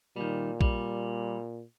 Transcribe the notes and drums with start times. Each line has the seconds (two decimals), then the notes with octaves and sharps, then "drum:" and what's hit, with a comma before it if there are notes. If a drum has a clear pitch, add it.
0.16 A#2 D#3 G3
0.61 G3, drum: kick